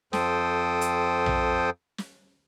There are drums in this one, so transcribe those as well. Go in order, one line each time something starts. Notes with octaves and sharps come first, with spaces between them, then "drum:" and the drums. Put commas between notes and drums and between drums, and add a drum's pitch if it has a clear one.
F2 A4 C5 G5 D#6, drum: snare
drum: hi-hat
drum: tom A#1
drum: snare